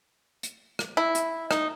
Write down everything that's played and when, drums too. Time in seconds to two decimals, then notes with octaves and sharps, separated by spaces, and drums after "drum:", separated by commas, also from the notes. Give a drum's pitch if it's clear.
0.43 drum: hi-hat
0.79 drum: rim click
0.97 E4
1.15 drum: hi-hat
1.51 D#4, drum: rim click